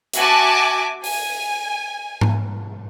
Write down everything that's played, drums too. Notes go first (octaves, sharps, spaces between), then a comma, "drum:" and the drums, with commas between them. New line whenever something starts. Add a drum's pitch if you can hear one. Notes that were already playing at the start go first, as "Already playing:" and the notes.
F#4 E5 G#5 A5 D6, drum: hi-hat
G#5, drum: open hi-hat
drum: tom G#2